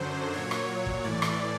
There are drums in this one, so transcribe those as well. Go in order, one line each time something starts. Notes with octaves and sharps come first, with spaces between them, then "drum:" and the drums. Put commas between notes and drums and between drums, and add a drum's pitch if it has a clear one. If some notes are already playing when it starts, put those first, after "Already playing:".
Already playing: F#2 D3 F#3 C5
A#2 F#3 C#5
drum: rim click
C#5
drum: kick
A2 E3 D5
drum: rim click